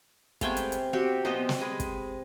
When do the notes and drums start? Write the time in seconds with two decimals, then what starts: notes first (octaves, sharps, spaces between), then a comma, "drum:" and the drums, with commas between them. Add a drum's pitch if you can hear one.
0.41 C3 G#3 A3 B3 F5 G5 G#5, drum: kick, hi-hat
0.57 drum: hi-hat
0.72 drum: hi-hat
0.93 C4 F#4 G4
1.25 A#2 F3 B3 C5 D#5 G5
1.49 drum: snare
1.60 G#3 B4
1.80 drum: kick, hi-hat